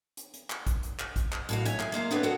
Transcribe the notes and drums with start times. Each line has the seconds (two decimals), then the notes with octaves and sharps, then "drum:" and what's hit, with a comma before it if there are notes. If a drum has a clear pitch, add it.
0.17 drum: hi-hat
0.34 drum: hi-hat
0.50 drum: clap
0.67 drum: kick, hi-hat
0.83 drum: hi-hat
0.99 drum: clap
1.16 drum: kick, hi-hat
1.32 drum: clap
1.49 A2 F#4 F5, drum: hi-hat
1.65 C#5 E5 G#5, drum: hi-hat
1.80 G#4, drum: clap
1.92 G#3 A#3 F5 A#5
2.11 B3 C4 D4 A4 B4 C#5
2.23 F#4 A4 C#5 F5 F#5